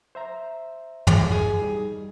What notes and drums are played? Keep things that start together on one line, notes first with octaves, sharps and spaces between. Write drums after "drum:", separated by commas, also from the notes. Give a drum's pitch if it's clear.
C5 E5 A#5
drum: tom
G#4
G3 D#4